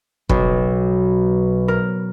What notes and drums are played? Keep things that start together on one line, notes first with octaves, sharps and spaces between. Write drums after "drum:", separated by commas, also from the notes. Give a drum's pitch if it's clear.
B1, drum: kick
A#4